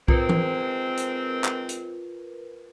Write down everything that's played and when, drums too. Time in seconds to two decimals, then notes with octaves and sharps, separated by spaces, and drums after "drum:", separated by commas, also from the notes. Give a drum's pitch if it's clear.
0.08 D#3 G#3 C4 F4 A#4 B4, drum: kick B1
0.29 drum: tom E3
0.97 drum: hi-hat
1.44 drum: clap
1.69 drum: hi-hat